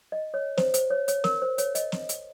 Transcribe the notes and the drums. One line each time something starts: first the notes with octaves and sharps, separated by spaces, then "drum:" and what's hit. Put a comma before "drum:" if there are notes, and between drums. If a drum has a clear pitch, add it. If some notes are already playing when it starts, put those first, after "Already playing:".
D#5
C#5
C5, drum: snare
C5, drum: hi-hat
C#5
C#5, drum: hi-hat
A#4, drum: snare
C5
C#5, drum: hi-hat
D#5, drum: hi-hat
drum: snare
drum: hi-hat